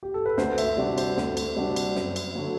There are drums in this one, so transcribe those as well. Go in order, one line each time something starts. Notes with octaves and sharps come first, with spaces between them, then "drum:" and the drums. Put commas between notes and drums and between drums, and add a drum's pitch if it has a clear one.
G4
A4
B4
D2 C5, drum: snare
E5, drum: cymbal
C3 G3 D4 F#4 D5
C5, drum: cymbal
D2, drum: snare
drum: cymbal
C3 G3 D4 F#4
drum: cymbal
F#2, drum: snare
drum: cymbal
D3 F#3